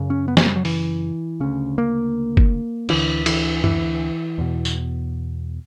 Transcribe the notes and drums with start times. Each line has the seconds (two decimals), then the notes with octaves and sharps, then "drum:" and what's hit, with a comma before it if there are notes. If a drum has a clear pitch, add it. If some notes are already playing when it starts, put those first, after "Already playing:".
Already playing: F#2 C#3
0.10 C#4
0.28 B3
0.37 A#3, drum: snare
0.46 G3
0.56 F#3
0.65 E3, drum: open hi-hat
1.40 D2 C#3 C#4
1.78 A#3
2.37 drum: kick
2.89 D2 D3 E3, drum: cymbal
3.26 E3, drum: cymbal
3.64 E3, drum: tom F#2
4.38 E2 B2
4.65 drum: tambourine